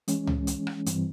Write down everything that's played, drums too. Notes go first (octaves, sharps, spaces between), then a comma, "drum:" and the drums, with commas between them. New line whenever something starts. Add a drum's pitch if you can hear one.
E3 G#3 C#4, drum: hi-hat
drum: tom C#2
drum: hi-hat
drum: rim click
G2 E3 G3 C4, drum: hi-hat